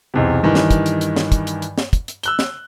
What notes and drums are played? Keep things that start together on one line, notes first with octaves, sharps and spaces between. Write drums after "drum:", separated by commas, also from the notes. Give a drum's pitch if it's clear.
B1 E2 C3
G2 D#3 E3
drum: snare
drum: kick, hi-hat
drum: hi-hat
drum: hi-hat
drum: snare
drum: kick, hi-hat
drum: hi-hat
drum: hi-hat
drum: snare
drum: kick, hi-hat
drum: hi-hat
E6 F#6 G7, drum: hi-hat
drum: snare